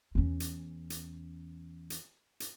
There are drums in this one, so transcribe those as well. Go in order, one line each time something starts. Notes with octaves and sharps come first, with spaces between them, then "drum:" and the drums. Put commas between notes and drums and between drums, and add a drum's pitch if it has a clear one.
E2 C#4
drum: hi-hat
drum: hi-hat
drum: hi-hat
drum: hi-hat